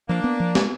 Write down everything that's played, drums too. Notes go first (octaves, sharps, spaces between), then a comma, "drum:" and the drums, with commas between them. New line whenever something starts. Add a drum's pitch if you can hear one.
F3 A#3 D4
B3
F3
G#3, drum: snare